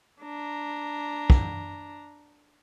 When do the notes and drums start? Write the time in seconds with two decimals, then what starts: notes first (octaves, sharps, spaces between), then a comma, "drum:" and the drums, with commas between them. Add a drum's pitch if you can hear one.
0.22 D4 A#5
1.30 drum: kick